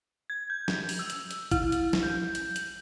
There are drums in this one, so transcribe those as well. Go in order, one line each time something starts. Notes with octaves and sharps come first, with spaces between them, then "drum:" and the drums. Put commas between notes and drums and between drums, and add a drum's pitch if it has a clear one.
G#6
G6
drum: snare
drum: open hi-hat
E6
drum: hi-hat
drum: hi-hat
E4, drum: kick A1, hi-hat
drum: hi-hat
drum: snare
G6
drum: hi-hat
drum: hi-hat